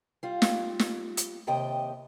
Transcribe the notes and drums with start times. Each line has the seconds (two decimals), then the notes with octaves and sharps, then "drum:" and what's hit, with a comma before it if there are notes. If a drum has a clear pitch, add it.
0.23 G3 F4
0.42 drum: snare
0.79 drum: snare
1.17 drum: hi-hat
1.47 D#2 C3 G4 D#5 G5